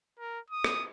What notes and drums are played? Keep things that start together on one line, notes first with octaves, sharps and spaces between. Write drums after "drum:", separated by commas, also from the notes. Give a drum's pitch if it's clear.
A#4
D#6
drum: rim click